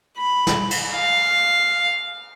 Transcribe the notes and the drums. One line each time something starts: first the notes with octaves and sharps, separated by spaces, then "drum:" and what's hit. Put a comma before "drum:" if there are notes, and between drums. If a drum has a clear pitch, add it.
B5
drum: snare
drum: cymbal
F5